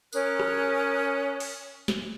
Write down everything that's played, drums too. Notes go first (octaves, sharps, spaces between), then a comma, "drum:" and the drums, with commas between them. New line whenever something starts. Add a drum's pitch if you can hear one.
C#4 A#4 D#6 F#6, drum: tambourine
drum: rim click
drum: open hi-hat
drum: snare